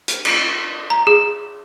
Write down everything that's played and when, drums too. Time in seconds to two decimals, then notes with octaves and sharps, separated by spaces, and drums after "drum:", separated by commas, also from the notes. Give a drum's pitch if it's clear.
0.08 drum: hi-hat
0.25 drum: cymbal
0.90 A#5
1.07 G#4